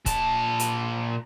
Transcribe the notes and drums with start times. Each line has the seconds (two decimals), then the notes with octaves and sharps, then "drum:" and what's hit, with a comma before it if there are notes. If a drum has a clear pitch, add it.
0.06 A#2 A5, drum: kick C#1, hi-hat
0.60 drum: hi-hat